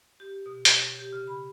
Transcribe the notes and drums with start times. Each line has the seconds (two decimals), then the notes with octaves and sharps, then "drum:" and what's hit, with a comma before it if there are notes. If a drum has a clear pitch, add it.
0.20 G4
0.46 B2
0.65 C#5, drum: hi-hat
0.99 G4
1.13 C#3
1.27 B5